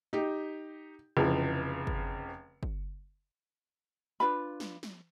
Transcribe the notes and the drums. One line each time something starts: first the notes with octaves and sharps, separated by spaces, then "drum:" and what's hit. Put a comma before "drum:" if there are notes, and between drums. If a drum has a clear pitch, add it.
D#4 G4
F1 C#3 E3 F3
drum: kick
drum: kick
D4 F4 B4 B5
drum: snare
drum: snare